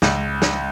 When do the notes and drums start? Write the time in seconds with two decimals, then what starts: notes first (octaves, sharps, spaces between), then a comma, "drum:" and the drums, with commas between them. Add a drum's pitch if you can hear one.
0.02 C#2, drum: snare
0.42 drum: snare